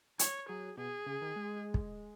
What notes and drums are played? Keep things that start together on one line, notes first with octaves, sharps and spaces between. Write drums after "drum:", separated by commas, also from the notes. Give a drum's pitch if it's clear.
C#5, drum: hi-hat
F#3 G#4
B2 G#4
C#3
D#3
G#3
drum: kick